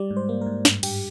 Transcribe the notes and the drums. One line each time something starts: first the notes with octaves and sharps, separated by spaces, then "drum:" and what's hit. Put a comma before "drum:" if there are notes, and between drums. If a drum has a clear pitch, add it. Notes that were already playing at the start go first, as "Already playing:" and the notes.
Already playing: G3 D5
G#2
C5
A#3
G#2 A#4
G2, drum: snare
G2 G4, drum: cymbal